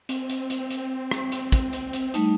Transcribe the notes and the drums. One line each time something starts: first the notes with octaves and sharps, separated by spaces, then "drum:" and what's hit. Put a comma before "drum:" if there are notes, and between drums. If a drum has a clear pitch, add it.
C4, drum: hi-hat
drum: hi-hat
drum: hi-hat
drum: hi-hat
drum: rim click
drum: hi-hat
drum: kick, hi-hat
drum: hi-hat
drum: hi-hat
G3 A3 D#4, drum: hi-hat